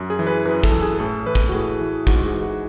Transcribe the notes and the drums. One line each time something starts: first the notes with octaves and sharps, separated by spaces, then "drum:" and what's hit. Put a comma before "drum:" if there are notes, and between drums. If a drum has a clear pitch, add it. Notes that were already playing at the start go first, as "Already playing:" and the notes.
Already playing: F#2
G#4
E3
B4
F#2 B4
A4, drum: kick
E3
G#4
A2 A4
E3 B4
drum: kick
F#4
A2 G#4
E3
G#2 F#4, drum: kick
F#4
G#4
E3
F#4